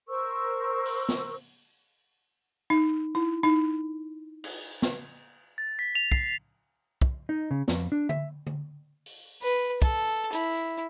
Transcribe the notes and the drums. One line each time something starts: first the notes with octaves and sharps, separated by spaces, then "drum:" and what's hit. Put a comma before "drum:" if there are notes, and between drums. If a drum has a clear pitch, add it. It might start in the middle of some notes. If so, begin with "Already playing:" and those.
A#4 C5 C#6 E6
drum: open hi-hat
drum: snare
D#4
E4
D#4
drum: cymbal
drum: snare
A6
B6
F7
C7, drum: kick
drum: kick
D#4
C#3
F2, drum: snare
D4
E5, drum: tom D3
drum: tom D3
drum: open hi-hat
B4, drum: tambourine
A4, drum: kick
E4, drum: hi-hat